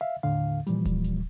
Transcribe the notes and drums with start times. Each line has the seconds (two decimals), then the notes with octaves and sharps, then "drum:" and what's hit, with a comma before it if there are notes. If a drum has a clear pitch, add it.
0.01 E5 F5
0.23 D#2 A2 D3 F5
0.67 A#2 E3 F3 G3, drum: hi-hat
0.85 drum: kick D1, hi-hat
1.04 drum: hi-hat